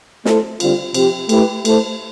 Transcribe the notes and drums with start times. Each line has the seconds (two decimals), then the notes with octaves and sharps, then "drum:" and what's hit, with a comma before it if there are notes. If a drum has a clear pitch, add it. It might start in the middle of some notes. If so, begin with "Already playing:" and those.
0.25 A3 E4 A4 C5, drum: snare
0.60 D3 G3 C4 F4, drum: cymbal
0.94 C3 F3 C4 G4, drum: cymbal
1.29 A3 E4 G4 B4, drum: cymbal
1.65 A3 E4 A4 C5, drum: cymbal